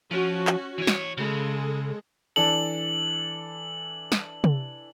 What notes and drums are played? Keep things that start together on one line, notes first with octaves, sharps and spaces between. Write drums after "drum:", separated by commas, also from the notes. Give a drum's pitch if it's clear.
F3 C#4 F#4
drum: clap
E3 C#5
drum: snare
C#3 G#3 A4
E3 D4 A4 F#7
drum: snare
drum: tom